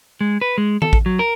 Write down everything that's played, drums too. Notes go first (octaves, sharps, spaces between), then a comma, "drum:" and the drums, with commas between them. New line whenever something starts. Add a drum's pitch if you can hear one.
G#3
B4
G#3
A4, drum: tom D#3
drum: kick A1
F#3
A#4